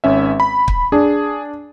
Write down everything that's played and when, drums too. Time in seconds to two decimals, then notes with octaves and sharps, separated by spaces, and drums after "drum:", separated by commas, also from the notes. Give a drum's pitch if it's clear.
0.04 G#1 C#4 E5
0.40 B5
0.68 drum: kick
0.92 D4 G#4